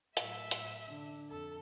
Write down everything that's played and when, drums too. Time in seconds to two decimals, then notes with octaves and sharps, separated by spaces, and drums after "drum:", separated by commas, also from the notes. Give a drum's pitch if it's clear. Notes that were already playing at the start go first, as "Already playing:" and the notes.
0.17 A2 F#3 E5, drum: hi-hat
0.51 drum: hi-hat
0.88 D3 D4
1.30 F2 A4